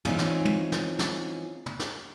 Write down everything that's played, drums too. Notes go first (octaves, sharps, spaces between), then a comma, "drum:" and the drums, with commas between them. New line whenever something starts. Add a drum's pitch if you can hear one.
E3 C4 C#4 D#4 F4 G#4, drum: tom
drum: snare
drum: tom
drum: snare
drum: snare
drum: tom
drum: snare